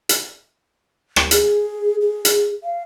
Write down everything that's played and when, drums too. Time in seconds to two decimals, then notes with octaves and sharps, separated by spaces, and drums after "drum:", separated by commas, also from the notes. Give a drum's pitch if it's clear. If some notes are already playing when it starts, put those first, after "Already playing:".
0.09 drum: hi-hat
1.16 drum: rim click
1.31 G#4, drum: hi-hat
2.01 G#4
2.25 drum: hi-hat
2.63 F5